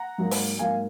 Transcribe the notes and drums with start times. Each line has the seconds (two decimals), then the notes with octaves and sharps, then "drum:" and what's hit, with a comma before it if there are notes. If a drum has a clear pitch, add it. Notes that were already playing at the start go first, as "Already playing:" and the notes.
Already playing: F#5 A#5
0.18 G#2 F#3 A#3
0.31 drum: open hi-hat
0.59 G#2 F#3 A#3 F5 G#5